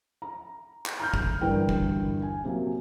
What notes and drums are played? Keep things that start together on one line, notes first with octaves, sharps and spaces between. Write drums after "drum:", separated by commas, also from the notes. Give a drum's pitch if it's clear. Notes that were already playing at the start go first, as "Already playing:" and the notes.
A#5
drum: clap
A#5 F6 G6
drum: kick G1
G2 D3 E3 A#4 G5
drum: kick G1
G#5
C3 F#3 A#3